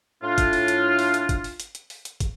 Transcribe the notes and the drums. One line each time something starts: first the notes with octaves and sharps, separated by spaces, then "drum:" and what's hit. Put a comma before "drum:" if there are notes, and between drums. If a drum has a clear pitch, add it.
A2 D4 F4
drum: kick, hi-hat
drum: open hi-hat
drum: hi-hat
drum: open hi-hat
drum: hi-hat
drum: kick, hi-hat
drum: open hi-hat
drum: hi-hat
drum: hi-hat
drum: open hi-hat
drum: hi-hat
drum: kick, hi-hat